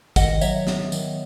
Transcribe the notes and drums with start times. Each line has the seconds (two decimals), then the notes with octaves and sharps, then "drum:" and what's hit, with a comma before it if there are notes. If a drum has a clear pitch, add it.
0.16 D#3 D#5 F#5, drum: kick G#1, tambourine
0.41 F#3 C#5 E5, drum: tambourine
0.67 B3, drum: snare
0.92 D#3, drum: tambourine